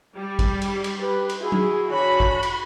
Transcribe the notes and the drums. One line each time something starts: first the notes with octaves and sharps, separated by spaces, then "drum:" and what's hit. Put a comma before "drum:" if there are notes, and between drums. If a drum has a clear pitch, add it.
G3
drum: kick G#1, cymbal
drum: cymbal
drum: cymbal
G4 B4
drum: cymbal
E4 F#4 G#4
drum: tom F#3
D3 E3 F#4 C#5 B5
drum: kick G#1
drum: cymbal